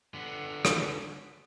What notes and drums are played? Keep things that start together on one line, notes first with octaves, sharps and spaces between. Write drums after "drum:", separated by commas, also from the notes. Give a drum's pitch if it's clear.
D3 B3
drum: rim click